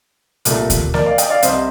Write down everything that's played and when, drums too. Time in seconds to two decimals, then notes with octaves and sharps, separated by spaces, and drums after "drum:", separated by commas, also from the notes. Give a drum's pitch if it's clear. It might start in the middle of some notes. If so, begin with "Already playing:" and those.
0.45 C2 A#2 A3, drum: hi-hat
0.70 drum: kick D2, hi-hat
0.94 A#4 D5, drum: snare
1.06 D5 F5
1.18 D#5 G5, drum: hi-hat
1.30 D5 F5
1.42 C2 C3 G3 C5 D#5, drum: hi-hat